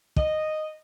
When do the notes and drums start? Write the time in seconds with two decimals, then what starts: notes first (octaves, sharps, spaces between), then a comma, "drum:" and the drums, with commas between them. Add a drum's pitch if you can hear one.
0.16 D#5, drum: kick